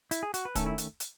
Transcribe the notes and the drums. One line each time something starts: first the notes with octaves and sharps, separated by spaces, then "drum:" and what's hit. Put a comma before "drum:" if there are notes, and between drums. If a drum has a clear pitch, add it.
E4, drum: hi-hat
G#4
F#4, drum: hi-hat
B4
D#3 A3 C#4 A4, drum: kick, hi-hat
E4
drum: hi-hat
drum: hi-hat